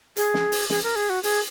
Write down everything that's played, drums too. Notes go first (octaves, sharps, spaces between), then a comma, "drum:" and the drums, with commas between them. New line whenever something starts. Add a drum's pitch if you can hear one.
G#4, drum: hi-hat
drum: snare
drum: open hi-hat
G#4, drum: snare
A#4
G#4
F#4
G#4, drum: open hi-hat